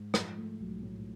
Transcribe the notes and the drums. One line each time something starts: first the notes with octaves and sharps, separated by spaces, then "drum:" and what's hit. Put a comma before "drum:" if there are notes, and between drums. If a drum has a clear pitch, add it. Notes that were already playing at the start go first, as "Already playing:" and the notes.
Already playing: G#2
F3, drum: rim click
A3
B1
A2